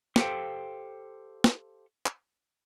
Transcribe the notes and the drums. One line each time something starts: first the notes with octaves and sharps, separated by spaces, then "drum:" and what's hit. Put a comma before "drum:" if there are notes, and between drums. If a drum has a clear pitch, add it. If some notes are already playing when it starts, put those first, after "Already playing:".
G4 A4 C5 F5 G5, drum: snare
drum: snare
drum: clap